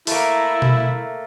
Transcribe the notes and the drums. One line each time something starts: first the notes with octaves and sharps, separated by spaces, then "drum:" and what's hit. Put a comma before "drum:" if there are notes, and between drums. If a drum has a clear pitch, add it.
A3 A#3 E4, drum: open hi-hat
drum: tom B2